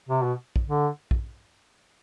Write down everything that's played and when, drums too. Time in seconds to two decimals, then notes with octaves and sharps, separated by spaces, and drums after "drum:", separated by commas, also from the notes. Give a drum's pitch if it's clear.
0.09 C3
0.22 B2
0.56 drum: kick
0.67 D3
1.11 drum: kick